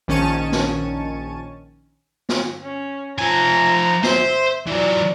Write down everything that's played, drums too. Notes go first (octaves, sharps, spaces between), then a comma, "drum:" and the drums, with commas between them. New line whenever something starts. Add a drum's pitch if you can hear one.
A#1 D#3 C#4 A5 C#6 D#7
drum: snare
drum: snare
C#4
F3 G#5 A#5
C5 E5, drum: snare
E3 F#3 D5